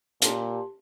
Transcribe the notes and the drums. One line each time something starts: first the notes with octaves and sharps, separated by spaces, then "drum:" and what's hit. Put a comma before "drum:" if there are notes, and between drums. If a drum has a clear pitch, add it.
A#2 G4 A5 C6, drum: hi-hat